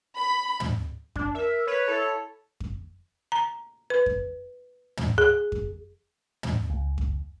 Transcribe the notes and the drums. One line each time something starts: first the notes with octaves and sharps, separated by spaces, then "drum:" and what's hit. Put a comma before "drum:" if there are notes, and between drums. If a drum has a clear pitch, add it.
B5
drum: tom
D4, drum: kick F2
A#4 E5
B4 C#5
E4 A4
drum: kick F2
A#5
B4
drum: kick F2
drum: tom
G#4
drum: kick F2
drum: tom
C#2
drum: kick F2